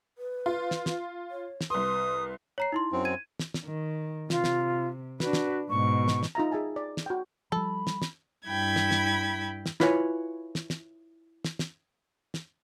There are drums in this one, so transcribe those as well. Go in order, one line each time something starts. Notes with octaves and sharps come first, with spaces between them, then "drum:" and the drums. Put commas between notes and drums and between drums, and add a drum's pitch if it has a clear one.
B4
F4
drum: snare
drum: snare
C#5
drum: snare
C2 B4 C6 D#6
C#5 A#5 C7
D#4 E4 C6
F#2 C4
G#6 D#7
drum: snare
drum: snare
D#3
C3 F4, drum: snare
drum: snare
D4 F#4 B4, drum: snare
drum: snare
G#2 B2 C#6
drum: snare
drum: snare
D#4 F4 E5 A#5
G#4 E5 G#5 A5
D5
drum: snare
F#4 G5
F3 G3 A4 B5
drum: snare
drum: snare
G2 E4 G5 B5 G#6
drum: snare
drum: snare
drum: snare
E4 F4 B4 C#5 F5 G#5, drum: snare
drum: snare
drum: snare
drum: snare
drum: snare
drum: snare